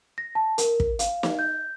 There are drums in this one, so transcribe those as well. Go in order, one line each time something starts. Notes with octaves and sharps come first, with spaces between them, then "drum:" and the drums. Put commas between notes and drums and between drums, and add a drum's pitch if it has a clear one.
A#6
A5
A#4, drum: hi-hat
drum: kick
F5, drum: hi-hat
drum: snare
G6